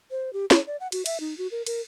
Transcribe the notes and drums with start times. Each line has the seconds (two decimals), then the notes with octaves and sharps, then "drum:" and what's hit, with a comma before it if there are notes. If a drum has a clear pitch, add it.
0.11 C5
0.33 G4
0.51 C#5, drum: snare
0.67 D5
0.80 F#5
0.92 F#4, drum: cymbal
1.06 E5, drum: cymbal
1.20 D#4
1.38 F#4
1.51 A#4
1.66 A#4, drum: cymbal